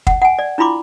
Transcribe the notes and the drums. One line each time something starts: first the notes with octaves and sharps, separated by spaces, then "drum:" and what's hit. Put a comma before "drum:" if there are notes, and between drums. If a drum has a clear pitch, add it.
F#5, drum: kick
F#5 G#5
D5
D4 E4 F4 B5 C6 D6